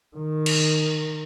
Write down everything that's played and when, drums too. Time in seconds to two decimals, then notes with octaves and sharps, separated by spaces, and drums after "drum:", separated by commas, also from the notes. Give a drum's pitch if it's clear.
0.17 D#3
0.46 drum: cymbal